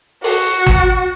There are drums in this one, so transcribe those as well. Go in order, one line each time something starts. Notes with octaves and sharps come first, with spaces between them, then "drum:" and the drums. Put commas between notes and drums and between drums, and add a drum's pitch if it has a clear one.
F#4, drum: open hi-hat
drum: kick, hi-hat